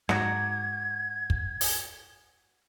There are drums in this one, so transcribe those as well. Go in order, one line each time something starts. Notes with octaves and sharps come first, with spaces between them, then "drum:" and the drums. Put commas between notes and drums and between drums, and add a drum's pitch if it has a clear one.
G#2 F#4 A#5 D6 G#6, drum: snare
drum: kick
drum: open hi-hat